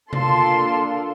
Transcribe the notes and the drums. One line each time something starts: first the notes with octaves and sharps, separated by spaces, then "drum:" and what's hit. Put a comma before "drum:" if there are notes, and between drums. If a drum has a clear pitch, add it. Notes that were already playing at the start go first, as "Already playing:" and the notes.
A#3 D4 F4 A4 A5 C6, drum: tom C3